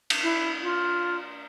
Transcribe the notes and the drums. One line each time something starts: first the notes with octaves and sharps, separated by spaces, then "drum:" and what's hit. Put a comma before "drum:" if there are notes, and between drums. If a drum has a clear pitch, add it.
drum: cymbal
E4
F4